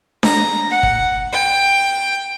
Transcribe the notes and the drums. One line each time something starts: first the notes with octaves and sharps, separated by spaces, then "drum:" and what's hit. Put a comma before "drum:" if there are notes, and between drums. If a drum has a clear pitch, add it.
A#5, drum: snare D4
F#5
drum: kick
G5